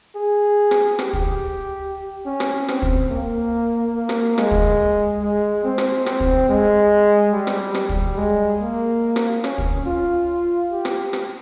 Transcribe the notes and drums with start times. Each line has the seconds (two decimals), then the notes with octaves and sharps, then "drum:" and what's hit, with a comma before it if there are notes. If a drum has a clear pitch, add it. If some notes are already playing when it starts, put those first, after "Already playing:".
0.15 G#4
0.71 drum: rim click
0.99 G4, drum: rim click
1.13 drum: kick
2.26 C#4
2.40 drum: rim click
2.68 C4, drum: rim click
2.82 drum: kick
3.10 A#3
3.95 A#3
4.09 drum: rim click
4.38 G#3, drum: rim click
4.51 drum: kick
5.22 G#3
5.64 C4
5.78 drum: rim click
6.06 C4, drum: rim click
6.20 drum: kick
6.49 G#3
7.33 G3
7.47 drum: rim click
7.74 G3, drum: rim click
7.89 drum: kick
8.17 G#3
8.60 A#3
9.16 drum: rim click
9.44 C#4, drum: rim click
9.58 drum: kick
9.86 F4
10.71 G4
10.85 drum: rim click
11.13 drum: rim click